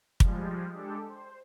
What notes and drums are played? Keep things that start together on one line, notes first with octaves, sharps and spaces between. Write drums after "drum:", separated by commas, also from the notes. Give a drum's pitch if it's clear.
F3 G3 G#3, drum: kick
G#3 D4 G4 A4
C5